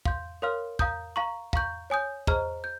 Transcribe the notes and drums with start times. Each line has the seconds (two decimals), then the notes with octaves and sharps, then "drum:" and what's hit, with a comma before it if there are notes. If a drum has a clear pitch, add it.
0.05 F5 C6 G6, drum: kick
0.42 A#4 C#5 F5 C6 F6
0.79 F5 A#5 D#6 G6, drum: kick
1.16 F5 A#5 C#6
1.53 F5 A#5 C#6 G6, drum: kick
1.90 C#5 G#5 D#6 G6
2.27 G#4 C5 D#5 A#5 F6, drum: kick
2.64 G6